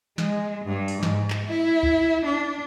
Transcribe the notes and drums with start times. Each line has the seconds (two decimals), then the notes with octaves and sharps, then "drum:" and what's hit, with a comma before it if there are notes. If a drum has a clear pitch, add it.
0.18 G#3, drum: snare
0.65 G2
0.88 drum: open hi-hat
1.03 G#2, drum: snare
1.30 drum: clap
1.46 E4
1.83 drum: kick
2.25 D4